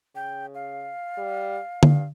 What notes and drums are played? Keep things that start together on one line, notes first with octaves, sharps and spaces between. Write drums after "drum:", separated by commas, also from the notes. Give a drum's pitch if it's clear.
C#3 G5
F5
G3
G2, drum: tom D3